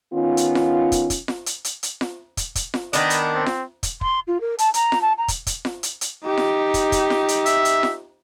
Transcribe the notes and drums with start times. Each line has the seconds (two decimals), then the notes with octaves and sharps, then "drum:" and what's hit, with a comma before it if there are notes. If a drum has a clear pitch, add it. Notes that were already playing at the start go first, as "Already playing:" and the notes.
0.13 D#3 B3 C#4 F4
0.37 drum: hi-hat
0.55 drum: snare F4
0.92 drum: kick, hi-hat
1.10 drum: kick, hi-hat
1.28 drum: snare F4
1.46 drum: hi-hat
1.64 drum: hi-hat
1.83 drum: hi-hat
2.01 drum: snare F4
2.37 drum: kick, hi-hat
2.55 drum: kick, hi-hat
2.74 drum: snare F4
2.93 D#3 B3 D4 D#5, drum: hi-hat
3.10 drum: hi-hat
3.35 C4
3.46 drum: snare F4
3.83 drum: kick, hi-hat
4.01 C6, drum: kick
4.27 F4
4.41 A#4
4.59 A5, drum: hi-hat
4.74 A#5, drum: hi-hat
4.92 drum: snare F4
5.01 A5
5.18 A#5
5.28 drum: kick, hi-hat
5.47 drum: kick, hi-hat
5.65 drum: snare F4
5.83 drum: hi-hat
6.01 drum: hi-hat
6.25 D#4 G4
6.38 drum: snare F4
6.74 drum: kick, hi-hat
6.92 drum: kick, hi-hat
7.10 drum: snare F4
7.28 drum: hi-hat
7.46 E5, drum: hi-hat
7.65 drum: hi-hat
7.83 drum: snare F4